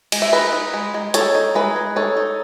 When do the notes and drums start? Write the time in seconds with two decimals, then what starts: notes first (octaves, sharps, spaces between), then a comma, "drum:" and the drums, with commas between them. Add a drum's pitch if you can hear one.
0.12 G#3, drum: cymbal
0.22 E5
0.32 D#4 B4 D#5
0.53 D#4
0.74 G#3
0.94 G#3
1.14 D#4 A4 C#5, drum: hi-hat
1.35 D#4
1.55 G#3 G#4 B4
1.76 G#3
1.96 D#4 A4 C#5
2.17 D#4